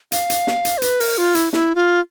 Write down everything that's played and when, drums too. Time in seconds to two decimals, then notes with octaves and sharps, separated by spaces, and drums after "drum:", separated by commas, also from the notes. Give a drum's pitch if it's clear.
0.12 F5, drum: hi-hat
0.30 drum: hi-hat
0.47 drum: snare
0.65 drum: hi-hat
0.78 C5
0.82 B4, drum: hi-hat
1.00 A#4, drum: open hi-hat
1.18 F4
1.35 E4, drum: hi-hat
1.53 E4, drum: snare
1.75 F4